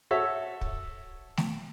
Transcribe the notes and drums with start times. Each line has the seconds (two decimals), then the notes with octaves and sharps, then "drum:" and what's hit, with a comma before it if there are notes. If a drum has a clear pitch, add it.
0.11 F#4 A4 C#5 E5
0.61 drum: kick
1.37 drum: snare